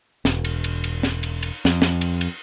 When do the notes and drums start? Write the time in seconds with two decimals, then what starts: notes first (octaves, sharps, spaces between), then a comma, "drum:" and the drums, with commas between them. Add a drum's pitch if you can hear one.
0.25 E1, drum: snare
0.45 drum: cymbal
0.64 drum: cymbal
0.84 drum: cymbal
1.03 drum: snare
1.23 drum: cymbal
1.43 drum: cymbal
1.65 F2, drum: snare
1.82 drum: snare
2.01 drum: cymbal
2.21 drum: cymbal